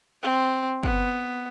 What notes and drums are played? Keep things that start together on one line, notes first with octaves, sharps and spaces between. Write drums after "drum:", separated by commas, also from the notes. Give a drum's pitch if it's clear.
C4
B3, drum: kick